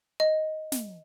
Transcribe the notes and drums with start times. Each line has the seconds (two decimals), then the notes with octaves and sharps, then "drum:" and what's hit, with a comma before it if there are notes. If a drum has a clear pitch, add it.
0.20 D#5
0.72 drum: snare